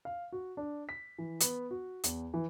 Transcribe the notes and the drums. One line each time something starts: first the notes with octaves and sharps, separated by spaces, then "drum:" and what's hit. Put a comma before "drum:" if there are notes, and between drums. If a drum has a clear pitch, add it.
F5
F#4
D4
B6
E3
B3, drum: hi-hat
F#4
E2, drum: hi-hat
E3